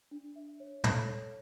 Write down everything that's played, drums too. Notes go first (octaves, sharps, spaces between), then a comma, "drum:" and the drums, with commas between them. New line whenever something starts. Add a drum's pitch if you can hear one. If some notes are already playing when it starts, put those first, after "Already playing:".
D4
E5
C#5
A4, drum: tom
C#5